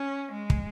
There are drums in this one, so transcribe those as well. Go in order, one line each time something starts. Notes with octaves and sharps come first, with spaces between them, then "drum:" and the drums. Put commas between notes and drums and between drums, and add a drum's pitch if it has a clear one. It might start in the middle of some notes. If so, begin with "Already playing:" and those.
Already playing: C#4
G#3
drum: kick